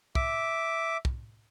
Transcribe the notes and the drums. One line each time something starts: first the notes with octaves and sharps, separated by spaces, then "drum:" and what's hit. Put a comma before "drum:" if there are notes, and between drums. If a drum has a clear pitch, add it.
E5 D6, drum: kick
drum: kick